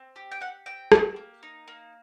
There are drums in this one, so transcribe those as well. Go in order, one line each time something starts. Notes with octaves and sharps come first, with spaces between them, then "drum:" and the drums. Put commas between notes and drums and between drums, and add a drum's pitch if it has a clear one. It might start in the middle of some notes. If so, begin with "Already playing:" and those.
Already playing: C4
G4
G5
G4 F#5
C4 G5
G4, drum: rim click
A#3
D#4
A#3